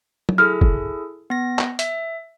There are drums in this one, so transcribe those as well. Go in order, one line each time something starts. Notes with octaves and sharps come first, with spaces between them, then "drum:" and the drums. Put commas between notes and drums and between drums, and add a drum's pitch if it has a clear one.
drum: tom F#3
E4 G#4 A4 F6
drum: kick
B3 A#6
drum: clap
E5, drum: hi-hat